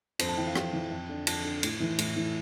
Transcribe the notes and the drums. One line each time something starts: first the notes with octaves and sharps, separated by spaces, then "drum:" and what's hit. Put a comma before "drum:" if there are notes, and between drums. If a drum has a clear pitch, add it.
F2 C5, drum: cymbal
A5
E3 G5
F5
F2 G5, drum: rim click
E3
F2
D3
F2 A5, drum: cymbal
D3
A2, drum: cymbal
E3
A2, drum: cymbal
E3